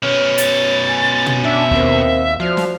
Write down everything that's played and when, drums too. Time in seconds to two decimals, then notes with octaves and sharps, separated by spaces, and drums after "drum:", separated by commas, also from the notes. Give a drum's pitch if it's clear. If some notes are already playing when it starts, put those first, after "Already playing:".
0.03 B2 C#4 C#5 F6
0.38 A6, drum: hi-hat
0.88 G#5
1.26 drum: tom
1.44 D4 E5
1.71 D#2 C4 A#4 C5, drum: kick
2.40 F3 F#4 C5 D5 F6
2.57 drum: snare